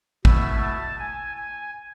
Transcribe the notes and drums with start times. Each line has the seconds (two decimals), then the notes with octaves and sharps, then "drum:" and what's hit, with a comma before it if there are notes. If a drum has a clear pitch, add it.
0.25 B2 A3 E4 E5, drum: kick
0.63 A5
0.99 G#5
1.37 G#5